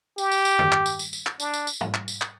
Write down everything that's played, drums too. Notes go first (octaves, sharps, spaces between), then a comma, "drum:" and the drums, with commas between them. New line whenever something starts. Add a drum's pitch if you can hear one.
G4, drum: tambourine
drum: tambourine
drum: tambourine
drum: tom
drum: clap
drum: tambourine
drum: tambourine
drum: tambourine
drum: clap
D4, drum: tambourine
drum: tambourine
drum: tambourine
drum: tom G#2
drum: clap
drum: tambourine
drum: clap